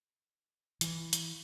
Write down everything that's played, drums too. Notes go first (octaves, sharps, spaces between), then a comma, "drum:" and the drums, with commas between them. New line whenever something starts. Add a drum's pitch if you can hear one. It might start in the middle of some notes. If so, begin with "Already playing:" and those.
E3, drum: hi-hat
drum: hi-hat